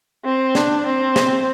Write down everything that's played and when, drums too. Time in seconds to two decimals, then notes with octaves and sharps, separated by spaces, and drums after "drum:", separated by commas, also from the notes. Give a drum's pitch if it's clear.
0.25 C4
0.55 D4, drum: snare
0.86 C4
1.16 drum: snare